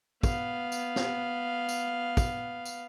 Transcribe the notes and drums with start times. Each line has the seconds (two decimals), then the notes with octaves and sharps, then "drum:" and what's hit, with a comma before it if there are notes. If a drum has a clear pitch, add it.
0.23 B3 F5, drum: kick, tambourine
0.72 drum: tambourine
0.96 drum: snare
1.69 drum: tambourine
2.17 drum: kick, tambourine
2.66 drum: tambourine